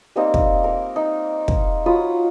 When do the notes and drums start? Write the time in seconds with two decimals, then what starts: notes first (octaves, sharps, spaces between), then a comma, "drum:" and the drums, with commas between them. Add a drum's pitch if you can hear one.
0.16 G3 A#3 C4 D#4
0.34 drum: kick
0.64 A#4
0.96 D#4
1.48 drum: kick
1.86 F#3 F4 B5 D#6